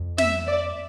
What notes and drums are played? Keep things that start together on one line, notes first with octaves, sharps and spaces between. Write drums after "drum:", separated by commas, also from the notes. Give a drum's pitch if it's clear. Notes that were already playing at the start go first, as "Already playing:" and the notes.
Already playing: F2
E5, drum: snare
D5